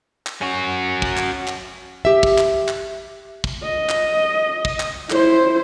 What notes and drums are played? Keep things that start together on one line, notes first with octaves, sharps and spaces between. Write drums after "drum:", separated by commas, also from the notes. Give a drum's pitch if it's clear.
drum: clap
C#4 F#4
drum: kick
drum: clap
drum: clap
G4 E5
drum: kick
drum: clap
drum: clap
drum: kick
D#5
drum: clap
drum: kick
drum: clap
E4 C5, drum: clap